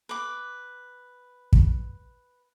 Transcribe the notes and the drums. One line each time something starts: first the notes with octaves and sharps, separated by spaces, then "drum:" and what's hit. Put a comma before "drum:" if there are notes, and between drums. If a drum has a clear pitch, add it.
B4 D6
drum: kick